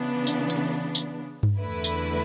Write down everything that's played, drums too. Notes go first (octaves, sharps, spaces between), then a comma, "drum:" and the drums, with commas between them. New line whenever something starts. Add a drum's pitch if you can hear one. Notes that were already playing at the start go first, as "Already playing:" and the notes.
Already playing: C#3 E3 B3 D4
drum: tambourine
drum: hi-hat
drum: tambourine
drum: tom G2
E2 D3 A3 E4 B4
drum: tambourine